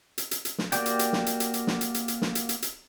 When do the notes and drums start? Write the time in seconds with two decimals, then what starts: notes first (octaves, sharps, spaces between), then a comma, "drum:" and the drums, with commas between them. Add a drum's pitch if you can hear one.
0.18 drum: hi-hat
0.31 drum: hi-hat
0.45 drum: hi-hat
0.58 drum: snare
0.72 A#3 F#4 G4 D5 G5, drum: hi-hat
0.86 drum: hi-hat
0.99 drum: hi-hat
1.13 drum: snare
1.26 drum: hi-hat
1.40 drum: hi-hat
1.54 drum: hi-hat
1.67 drum: snare
1.81 drum: hi-hat
1.94 drum: hi-hat
2.08 drum: hi-hat
2.22 drum: snare
2.35 drum: hi-hat
2.49 drum: hi-hat
2.62 drum: hi-hat